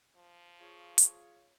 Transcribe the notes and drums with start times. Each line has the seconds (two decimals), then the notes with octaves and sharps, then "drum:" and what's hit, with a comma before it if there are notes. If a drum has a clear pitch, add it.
0.17 F3
0.60 F4 G#4 C#5
0.98 drum: hi-hat